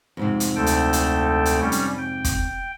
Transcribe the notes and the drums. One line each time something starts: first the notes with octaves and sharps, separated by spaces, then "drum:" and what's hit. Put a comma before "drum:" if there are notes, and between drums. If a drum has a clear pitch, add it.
F2 G#2 C3
drum: hi-hat
D2 A4 G5
drum: hi-hat
drum: hi-hat
drum: hi-hat
G3 C#4
drum: hi-hat
G5
drum: kick, hi-hat